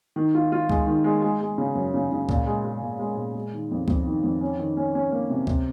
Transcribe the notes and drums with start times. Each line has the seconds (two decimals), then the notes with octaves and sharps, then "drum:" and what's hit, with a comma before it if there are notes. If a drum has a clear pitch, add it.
0.16 D#3
0.35 F4
0.52 F4
0.70 G#3, drum: kick C#2
0.87 D#3
1.04 G#3
1.22 G#3
1.41 G#3
1.58 C#3
1.75 F#2
1.94 C#3
2.12 C#3
2.29 A#2, drum: kick C#2
2.47 G#3
2.64 G#3
2.82 A#2
2.99 G#3
3.17 A#2
3.35 G#3
3.53 D#3
3.71 F2
3.88 F2, drum: kick C#2
4.07 D#3
4.23 F2
4.41 C#4
4.59 D#3
4.77 C#4
4.95 C#4
5.12 A#3
5.30 C3
5.47 C3, drum: kick C#2